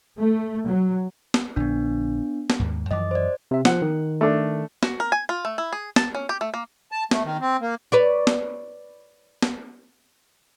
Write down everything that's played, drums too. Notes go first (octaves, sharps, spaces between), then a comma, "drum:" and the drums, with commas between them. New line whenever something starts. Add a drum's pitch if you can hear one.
A3
F#3
drum: snare
A#1 D3 B3 D4
drum: snare
D#2 G#2
F#2 E3 F3 D#5 D6
C5 D5
C3 E5
F3 F#5, drum: snare
D#3
A3 D4
F#4, drum: snare
A#4
G#5
F4
A3
E4
G#4
A5, drum: snare
C#4
G4
A3
A#3
A5
A3, drum: snare
D#3
C4
A#3
B4 C#5 D5
drum: snare
drum: snare